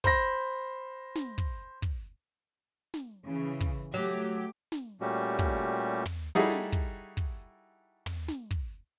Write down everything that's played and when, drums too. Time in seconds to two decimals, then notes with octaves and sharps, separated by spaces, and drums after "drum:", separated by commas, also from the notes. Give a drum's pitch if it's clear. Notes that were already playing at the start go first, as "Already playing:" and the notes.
0.04 C5 B5 A#6, drum: kick
1.15 drum: snare
1.38 drum: kick
1.82 drum: kick
2.94 drum: snare
3.25 C#3 E3
3.61 drum: kick
3.94 F#3 A3 G4
4.72 drum: snare
5.01 A#2 G3 A3 C#4 F#4 G4
5.39 drum: kick
6.06 drum: tom
6.35 G3 D#4 E4 F#4 G#4 A4
6.50 drum: snare
6.72 drum: kick
7.17 drum: kick
8.06 drum: tom
8.28 drum: snare
8.51 drum: kick